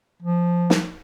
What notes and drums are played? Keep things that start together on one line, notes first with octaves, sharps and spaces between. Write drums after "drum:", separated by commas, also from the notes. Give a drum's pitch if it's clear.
F3
drum: snare